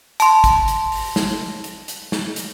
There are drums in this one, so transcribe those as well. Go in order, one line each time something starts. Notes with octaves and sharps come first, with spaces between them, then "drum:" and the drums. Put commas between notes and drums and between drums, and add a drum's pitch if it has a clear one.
A5 C6, drum: hi-hat
drum: kick, hi-hat
drum: hi-hat
drum: open hi-hat
drum: snare
drum: hi-hat
drum: hi-hat
drum: snare
drum: hi-hat